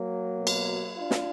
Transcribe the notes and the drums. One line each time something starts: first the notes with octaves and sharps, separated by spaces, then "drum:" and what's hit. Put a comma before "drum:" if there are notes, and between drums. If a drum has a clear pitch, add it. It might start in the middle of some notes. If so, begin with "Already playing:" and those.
Already playing: F#3 A#3
B2
drum: cymbal
D4 F4
drum: snare